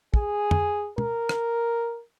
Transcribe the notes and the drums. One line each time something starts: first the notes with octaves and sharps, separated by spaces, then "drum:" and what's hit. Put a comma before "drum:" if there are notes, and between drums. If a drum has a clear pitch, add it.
G#4, drum: kick
drum: tom
A#4, drum: tom
drum: rim click